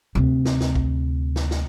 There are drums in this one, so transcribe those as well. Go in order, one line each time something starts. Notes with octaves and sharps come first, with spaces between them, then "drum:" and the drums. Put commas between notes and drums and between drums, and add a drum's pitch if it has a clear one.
D2 C3
drum: snare
drum: snare
drum: kick A#1
drum: snare
drum: snare